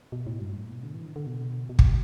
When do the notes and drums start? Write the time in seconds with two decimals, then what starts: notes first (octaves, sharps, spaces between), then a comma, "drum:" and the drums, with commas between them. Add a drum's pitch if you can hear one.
0.12 B2
0.27 A2
0.41 G2
0.55 A2
0.69 B2
0.83 D3
0.94 E3
1.05 D3
1.16 D3
1.27 B2
1.69 B2
1.79 drum: kick